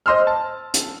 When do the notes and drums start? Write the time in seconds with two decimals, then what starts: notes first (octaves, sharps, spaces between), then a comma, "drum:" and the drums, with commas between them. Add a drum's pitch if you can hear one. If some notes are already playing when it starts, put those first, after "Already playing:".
0.06 C5 D#5 C6 E6 F6
0.27 A5
0.74 drum: hi-hat